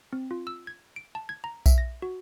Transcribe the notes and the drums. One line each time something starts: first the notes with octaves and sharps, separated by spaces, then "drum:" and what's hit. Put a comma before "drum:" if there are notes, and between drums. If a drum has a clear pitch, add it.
C4
F4
E6
G#6
D7
A5
G#6
A#5
E5, drum: kick B1, tambourine
A#6
F#4